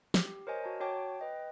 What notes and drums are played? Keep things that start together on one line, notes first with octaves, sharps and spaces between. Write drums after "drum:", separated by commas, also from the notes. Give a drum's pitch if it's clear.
G4, drum: snare
A#4 C5 C#5 D#5 G#5
F#4 A5 A#5
F#4 C#5 G5 A5 D6
B4 D#5 G5